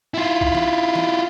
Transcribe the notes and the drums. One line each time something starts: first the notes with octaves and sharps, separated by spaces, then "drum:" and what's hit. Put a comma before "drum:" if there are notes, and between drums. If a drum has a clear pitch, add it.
E4 F4
drum: kick C2
drum: snare
drum: snare